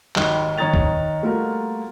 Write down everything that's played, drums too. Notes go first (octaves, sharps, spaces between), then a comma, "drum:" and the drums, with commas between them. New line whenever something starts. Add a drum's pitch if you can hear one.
G#1 D#2 D#3 F#6 G7, drum: clap
D#3 C#5 A#5 D#6 A6 F7
drum: kick
G3 A3 A#3 F4 F#4 A#4